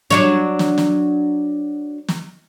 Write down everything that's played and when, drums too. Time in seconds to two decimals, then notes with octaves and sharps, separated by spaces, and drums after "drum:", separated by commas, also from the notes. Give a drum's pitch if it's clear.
0.10 F#3 D4 C#5, drum: snare
0.59 drum: snare
0.78 drum: snare
2.09 drum: snare